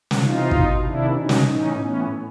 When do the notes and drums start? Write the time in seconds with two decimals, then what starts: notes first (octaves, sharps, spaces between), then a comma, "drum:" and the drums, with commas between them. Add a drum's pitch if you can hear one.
0.11 drum: snare
0.20 C3 E3 D#4 F4
0.51 B2, drum: kick
0.83 C3 D#3 D4 E4
1.15 B2 C#4 D#4
1.29 drum: snare
1.47 A2 E3 C#4 D#4
1.78 A2 E3 B3 C#4